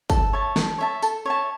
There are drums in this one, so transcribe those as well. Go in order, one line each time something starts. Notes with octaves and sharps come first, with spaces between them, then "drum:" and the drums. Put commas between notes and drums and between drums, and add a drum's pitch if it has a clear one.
A4, drum: kick, tambourine
C#5 E5 A5
A4, drum: snare
C#5 E5 A5
A4, drum: tambourine
C#5 E5 A5